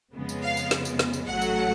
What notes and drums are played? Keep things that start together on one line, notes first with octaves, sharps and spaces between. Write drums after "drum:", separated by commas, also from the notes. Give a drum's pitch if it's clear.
F2 C#3 G#3 B3
drum: tambourine
F5
drum: tambourine
drum: snare
drum: tambourine
drum: snare
drum: tambourine
A1 A2 F#3 A3 F#5
drum: tambourine